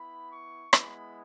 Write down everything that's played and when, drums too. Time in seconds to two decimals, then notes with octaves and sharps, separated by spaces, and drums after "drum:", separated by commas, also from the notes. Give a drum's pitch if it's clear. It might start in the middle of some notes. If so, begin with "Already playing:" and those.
Already playing: B3 E4 B5
0.30 C#6
0.73 G#3 B3 E4 B5, drum: rim click